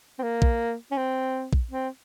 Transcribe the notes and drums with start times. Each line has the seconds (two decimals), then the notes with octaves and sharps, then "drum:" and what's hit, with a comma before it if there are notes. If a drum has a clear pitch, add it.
0.19 C4
0.23 A#3
0.42 drum: kick A#1
0.91 C#4
0.97 C4
1.53 drum: kick A#1
1.71 C4